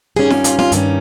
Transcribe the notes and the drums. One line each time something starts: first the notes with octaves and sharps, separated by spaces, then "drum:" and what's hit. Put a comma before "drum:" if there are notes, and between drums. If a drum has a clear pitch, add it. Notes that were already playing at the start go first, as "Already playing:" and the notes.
G2 D#3 G3 C#4 G#4
drum: snare
F4, drum: hi-hat
F4, drum: snare
G2 D#3 G3 C#4, drum: hi-hat